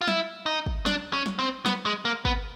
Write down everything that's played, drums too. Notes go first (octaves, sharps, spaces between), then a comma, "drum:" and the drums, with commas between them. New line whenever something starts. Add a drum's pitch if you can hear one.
F4
E4, drum: snare
D#4
drum: kick
D4, drum: snare
C#4
drum: snare
C4
B3, drum: snare
G#3
A#3
B3, drum: kick